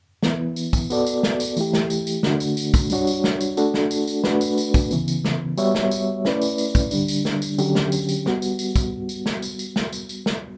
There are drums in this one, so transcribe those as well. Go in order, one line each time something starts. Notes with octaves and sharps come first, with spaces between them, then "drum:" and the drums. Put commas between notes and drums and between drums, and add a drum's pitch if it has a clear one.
E3 B3 E4, drum: snare
drum: tambourine
drum: kick, tambourine
B3 F#4 A4 D5, drum: tambourine
drum: tambourine
drum: snare
drum: tambourine
E3 A3 E4 G4, drum: tambourine
drum: snare
drum: tambourine
drum: tambourine
D3 A3 D4 F#4, drum: snare
drum: tambourine
drum: tambourine
drum: kick, tambourine
G3 D4 F#4 C#5, drum: tambourine
drum: tambourine
drum: snare
drum: tambourine
A3 D4 F#4 A4, drum: tambourine
drum: snare
drum: tambourine
drum: tambourine
A3 D4 F#4 B4, drum: snare
drum: tambourine
drum: tambourine
drum: kick, tambourine
C#3 E3 B3, drum: tambourine
drum: tambourine
drum: snare
G3 B3 F#4 C#5 E5, drum: tambourine
drum: snare
drum: tambourine
A3 C#4 E4 B4 D5, drum: snare
drum: tambourine
drum: tambourine
drum: kick, tambourine
D3 G3 D4, drum: tambourine
drum: tambourine
drum: snare
drum: tambourine
D3 F#3 C#4 G4, drum: tambourine
drum: snare
drum: tambourine
drum: tambourine
G3 B3 F#4, drum: snare
drum: tambourine
drum: tambourine
drum: kick, tambourine
drum: tambourine
drum: snare
drum: tambourine
drum: tambourine
drum: snare
drum: tambourine
drum: tambourine
drum: snare